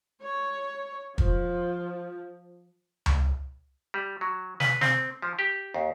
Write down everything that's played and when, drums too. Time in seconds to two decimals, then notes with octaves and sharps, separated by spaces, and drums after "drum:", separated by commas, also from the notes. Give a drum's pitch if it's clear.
0.23 C#5
1.18 F3, drum: kick
3.06 drum: tom C#2
3.94 G3
4.21 F#3
4.60 B4, drum: snare
4.81 C4, drum: snare
5.22 F3
5.39 G4
5.74 D#2